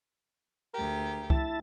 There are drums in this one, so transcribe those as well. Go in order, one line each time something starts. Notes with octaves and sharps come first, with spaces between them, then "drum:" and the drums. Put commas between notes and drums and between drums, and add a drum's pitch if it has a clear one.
D2 G4 A#4
E4 A5, drum: kick C2